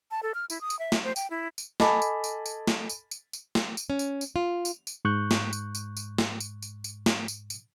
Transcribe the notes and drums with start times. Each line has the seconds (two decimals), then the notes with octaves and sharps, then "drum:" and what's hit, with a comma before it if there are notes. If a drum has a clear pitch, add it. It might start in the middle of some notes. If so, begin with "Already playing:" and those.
0.11 A5
0.23 A4
0.34 F6
0.50 E4, drum: tambourine
0.61 D#6
0.70 drum: tambourine
0.79 E5
0.92 drum: snare
1.04 C5
1.16 G5, drum: tambourine
1.30 E4
1.58 drum: tambourine
1.80 A4 D#5 G#5 A5 B5 D6, drum: snare
2.02 drum: tambourine
2.24 drum: tambourine
2.46 drum: tambourine
2.68 drum: snare
2.89 drum: tambourine
3.11 drum: tambourine
3.33 drum: tambourine
3.55 drum: snare
3.77 drum: tambourine
3.90 C#4
3.99 drum: tambourine
4.21 drum: tambourine
4.36 F4
4.65 drum: tambourine
4.87 drum: tambourine
5.05 G#2 C#6 F#6 G6
5.31 drum: snare
5.53 drum: tambourine
5.75 drum: tambourine
5.97 drum: tambourine
6.18 drum: snare
6.40 drum: tambourine
6.62 drum: tambourine
6.84 drum: tambourine
7.06 drum: snare
7.28 drum: tambourine
7.50 drum: tambourine